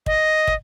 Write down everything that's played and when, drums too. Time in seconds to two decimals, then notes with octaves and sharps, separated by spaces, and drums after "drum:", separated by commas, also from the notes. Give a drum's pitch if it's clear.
0.06 D#5, drum: kick
0.47 drum: kick